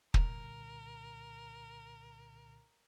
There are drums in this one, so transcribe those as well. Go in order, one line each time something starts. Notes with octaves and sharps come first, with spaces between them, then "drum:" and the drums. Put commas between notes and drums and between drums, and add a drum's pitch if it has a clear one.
C2 A#2 D3 A#4, drum: kick